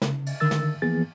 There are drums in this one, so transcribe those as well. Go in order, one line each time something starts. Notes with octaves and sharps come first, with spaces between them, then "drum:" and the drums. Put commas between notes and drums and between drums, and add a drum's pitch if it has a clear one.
C#3, drum: snare
drum: cymbal
D3 D#3 A#4 E6 A6
drum: snare
E3 F3 A#3 B3 G#4 A6